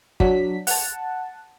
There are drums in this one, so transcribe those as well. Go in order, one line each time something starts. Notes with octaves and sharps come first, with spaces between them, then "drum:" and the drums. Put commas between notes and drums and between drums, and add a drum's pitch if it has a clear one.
F#3 D4 B6, drum: kick
F#5 A5, drum: open hi-hat